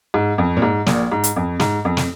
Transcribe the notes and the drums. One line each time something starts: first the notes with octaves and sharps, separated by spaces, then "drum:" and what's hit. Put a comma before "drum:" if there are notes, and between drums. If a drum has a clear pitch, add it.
G#2
F2
A#2
G#2
A#1 A#2, drum: snare
G#2
drum: hi-hat
F2
G#2, drum: snare
F2
drum: snare